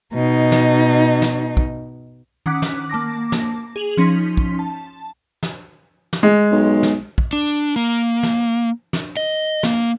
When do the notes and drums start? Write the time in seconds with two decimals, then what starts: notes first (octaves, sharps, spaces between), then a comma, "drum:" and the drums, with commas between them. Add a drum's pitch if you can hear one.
0.14 B2 D#4
0.52 drum: snare
1.22 drum: snare
1.57 drum: kick
2.46 D#3 C#4 F#5 D6 F#6 B6
2.62 drum: snare
2.90 A#3 A5 D6 A#6
3.32 drum: snare
3.76 G#4 F7 F#7
3.97 F3 C#4 D#4 C6 B6
4.37 drum: kick
4.59 A5
5.43 drum: snare
6.13 drum: snare
6.23 G#3
6.51 B1
6.83 drum: snare
7.18 drum: kick
7.33 D4
7.76 A#3
8.23 drum: snare
8.93 drum: snare
9.17 D#5
9.63 A#3, drum: snare